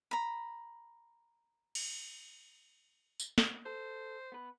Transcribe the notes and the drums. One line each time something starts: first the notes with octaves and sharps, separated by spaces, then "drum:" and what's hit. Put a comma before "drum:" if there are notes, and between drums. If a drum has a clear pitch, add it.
A#5 B5
drum: cymbal
drum: tambourine
drum: snare
A4 C5
B3 B4